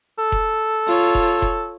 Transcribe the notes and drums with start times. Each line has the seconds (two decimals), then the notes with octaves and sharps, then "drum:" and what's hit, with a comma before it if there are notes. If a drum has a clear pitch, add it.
0.18 A4
0.32 drum: kick F1
0.88 F4 C#5
1.15 drum: kick F1
1.42 drum: kick F1